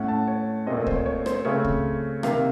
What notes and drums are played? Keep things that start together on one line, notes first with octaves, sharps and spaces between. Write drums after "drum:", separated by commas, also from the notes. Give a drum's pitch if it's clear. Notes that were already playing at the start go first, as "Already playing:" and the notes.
Already playing: A2 A3 C#4 F#5
A5
C#5
A#2 A3 C4 D#5
D#5
C5, drum: kick
C#5
C#5
C5, drum: rim click
C#3 A3 C4 C#5
drum: kick
C3 D#3 A#3 F5, drum: rim click